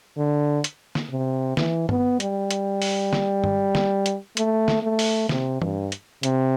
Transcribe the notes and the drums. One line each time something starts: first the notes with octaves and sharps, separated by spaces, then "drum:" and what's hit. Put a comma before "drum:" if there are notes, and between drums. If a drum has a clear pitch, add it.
D3
drum: hi-hat
drum: snare
C3
E3, drum: snare
B3, drum: tom G2
G3, drum: hi-hat
drum: hi-hat
drum: open hi-hat
drum: snare
drum: tom
drum: snare
drum: hi-hat
A3, drum: hi-hat
drum: snare
A3
drum: open hi-hat
C3, drum: snare
G2, drum: tom E3
drum: hi-hat
C3, drum: hi-hat